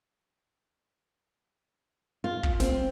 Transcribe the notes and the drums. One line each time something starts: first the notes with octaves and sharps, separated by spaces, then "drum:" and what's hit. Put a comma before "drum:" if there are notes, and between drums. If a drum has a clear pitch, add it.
F4
drum: kick
C4, drum: snare